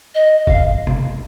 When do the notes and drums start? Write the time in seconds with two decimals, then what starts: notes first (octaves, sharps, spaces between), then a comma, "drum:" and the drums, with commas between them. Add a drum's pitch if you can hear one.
0.14 D#5
0.47 F5, drum: kick F#1
0.87 drum: tom